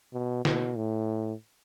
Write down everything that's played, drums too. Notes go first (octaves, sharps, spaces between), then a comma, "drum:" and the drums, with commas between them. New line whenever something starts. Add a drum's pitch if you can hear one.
B2
B2, drum: snare
A2